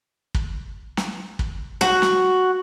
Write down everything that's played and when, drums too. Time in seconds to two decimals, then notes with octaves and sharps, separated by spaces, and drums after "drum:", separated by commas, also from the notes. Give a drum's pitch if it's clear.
0.34 drum: kick
0.97 drum: snare
1.39 drum: kick
1.81 F#4, drum: snare
2.02 drum: snare